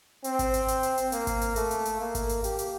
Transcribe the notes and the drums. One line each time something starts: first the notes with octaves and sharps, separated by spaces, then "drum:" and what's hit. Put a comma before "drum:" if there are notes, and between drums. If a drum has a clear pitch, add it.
C4, drum: hi-hat
drum: kick G#1, hi-hat
drum: hi-hat
drum: hi-hat
drum: hi-hat
drum: hi-hat
A#3, drum: hi-hat
drum: kick G#1, hi-hat
drum: hi-hat
A3, drum: hi-hat
drum: hi-hat
drum: hi-hat
A#3
drum: kick G#1, hi-hat
drum: hi-hat
G4, drum: hi-hat
drum: hi-hat